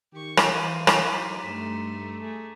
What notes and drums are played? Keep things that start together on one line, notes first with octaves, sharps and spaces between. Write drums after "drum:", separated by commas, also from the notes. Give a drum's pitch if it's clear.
D#3 G4 C#6
drum: rim click
E3 C5 F5 D#7
drum: rim click
F#3 D#4 A#5 C6 D6 B6
G2 A3 B6 E7
A3 G#4